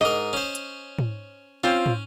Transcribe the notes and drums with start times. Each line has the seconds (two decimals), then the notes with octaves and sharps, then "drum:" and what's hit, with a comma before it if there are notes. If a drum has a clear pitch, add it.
0.01 G#2 A#4 D#5
0.33 C#4 C5
0.55 drum: hi-hat
0.99 drum: tom
1.64 C4 C#4 F4
1.86 drum: tom